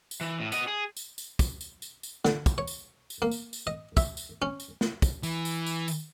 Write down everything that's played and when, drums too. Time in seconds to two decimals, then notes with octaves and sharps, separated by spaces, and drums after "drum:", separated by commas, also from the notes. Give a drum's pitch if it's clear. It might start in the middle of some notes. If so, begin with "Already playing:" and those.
0.11 drum: tambourine
0.21 E3
0.40 A2
0.52 B3 D#5, drum: tambourine
0.68 G#4
0.97 drum: tambourine
1.18 drum: tambourine
1.39 drum: kick, tambourine
1.61 drum: tambourine
1.82 drum: tambourine
2.03 drum: tambourine
2.25 D3, drum: snare
2.46 drum: kick, tambourine
2.58 C#5
2.67 drum: tambourine
3.10 drum: tambourine
3.22 A#3
3.31 drum: tambourine
3.53 drum: tambourine
3.67 D#5
3.97 E5, drum: kick, tambourine
4.17 drum: tambourine
4.42 C#4
4.60 drum: tambourine
4.81 drum: snare
5.02 drum: kick, tambourine
5.23 E3, drum: tambourine
5.45 drum: tambourine
5.66 drum: tambourine
5.88 drum: tambourine